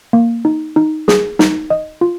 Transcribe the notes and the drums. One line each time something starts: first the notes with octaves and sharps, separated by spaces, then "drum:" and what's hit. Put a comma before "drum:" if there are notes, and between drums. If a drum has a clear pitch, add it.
A#3
D#4
D#4
G#4, drum: snare
D#4, drum: snare
D#5
F4